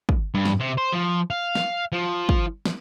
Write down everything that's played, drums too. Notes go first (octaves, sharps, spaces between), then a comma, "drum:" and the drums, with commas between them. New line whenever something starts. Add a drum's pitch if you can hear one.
drum: kick
G2
drum: snare
C3
C5
F3
F5
drum: snare
F3
drum: kick
drum: snare